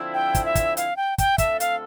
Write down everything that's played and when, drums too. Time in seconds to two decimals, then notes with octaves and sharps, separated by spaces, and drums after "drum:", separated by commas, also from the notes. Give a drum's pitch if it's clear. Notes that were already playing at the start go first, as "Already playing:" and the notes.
Already playing: D3 F3 C4 E4
0.14 G5
0.35 drum: kick, hi-hat
0.45 E5
0.55 drum: kick, hi-hat
0.77 F5, drum: hi-hat
0.97 G5
1.18 G5, drum: kick, hi-hat
1.38 D3 A3 C4 F4 A4 E5, drum: kick, hi-hat
1.60 F5, drum: hi-hat